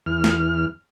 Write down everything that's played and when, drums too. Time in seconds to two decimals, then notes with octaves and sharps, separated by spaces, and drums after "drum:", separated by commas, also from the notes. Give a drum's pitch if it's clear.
0.06 E2 F6
0.24 drum: snare